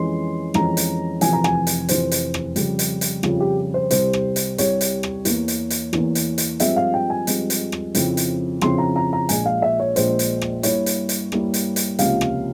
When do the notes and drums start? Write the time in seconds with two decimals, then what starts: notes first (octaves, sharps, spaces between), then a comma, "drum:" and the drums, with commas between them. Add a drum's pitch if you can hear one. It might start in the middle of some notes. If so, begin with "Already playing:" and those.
Already playing: F2 E3 G#3 C#4 C6
0.54 F2 E3 G#3 C#4 A#5, drum: rim click
0.77 drum: hi-hat
1.21 F1 F2 E3 G#5, drum: hi-hat
1.33 A#5
1.44 G#5, drum: rim click
1.67 drum: hi-hat
1.89 F1 F2 E3 C5, drum: hi-hat
2.11 drum: hi-hat
2.34 drum: rim click
2.56 F2 C#3 G3, drum: hi-hat
2.79 drum: hi-hat
3.01 drum: hi-hat
3.23 F2 C#3 G3 F4, drum: rim click
3.40 G4
3.74 C5
3.91 C2 C3 G3 C5, drum: hi-hat
4.13 drum: rim click
4.36 drum: hi-hat
4.58 C2 C3 G3 C#5, drum: hi-hat
4.81 drum: hi-hat
5.03 drum: rim click
5.25 E2 E3 A#3, drum: hi-hat
5.48 drum: hi-hat
5.70 drum: hi-hat
5.93 E2 E3 A#3, drum: rim click
6.15 drum: hi-hat
6.38 drum: hi-hat
6.60 G2 F3 G#3 C4 E5, drum: hi-hat
6.76 F5
6.94 G5
7.10 G#5
7.27 G2 F3 G#3 C4, drum: hi-hat
7.50 drum: hi-hat
7.72 drum: rim click
7.95 F2 C#3 F3 C4 E4, drum: hi-hat
8.17 drum: hi-hat
8.61 F2 C#3 F3 C4 E4 C6, drum: rim click
8.78 A#5
8.96 A#5
9.13 A#5
9.29 A#1 A#2 G#3 G#5, drum: hi-hat
9.46 F5
9.62 E5
9.80 C#5
9.96 A#1 A#2 G#3 C5, drum: hi-hat
10.19 drum: hi-hat
10.41 drum: rim click
10.63 G2 G3 A#3 E4 C#5, drum: hi-hat
10.86 drum: hi-hat
11.09 drum: hi-hat
11.32 G2 G3 A#3 E4, drum: rim click
11.54 drum: hi-hat
11.76 drum: hi-hat
11.99 C#2 C3 F3 A#3 C#4 F5, drum: hi-hat
12.21 drum: rim click